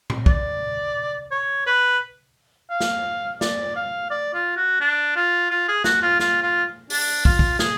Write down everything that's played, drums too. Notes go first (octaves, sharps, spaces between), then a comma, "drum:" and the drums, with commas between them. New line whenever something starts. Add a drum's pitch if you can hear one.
drum: tom A#2
D5, drum: kick
C#5
B4
F5
drum: snare
D5, drum: snare
F5
D5
F4
F#4
D4
F4
F4
G#4
F#4, drum: snare
F4
F4, drum: snare
F4
D4, drum: open hi-hat
F4, drum: kick
drum: kick
G#4, drum: snare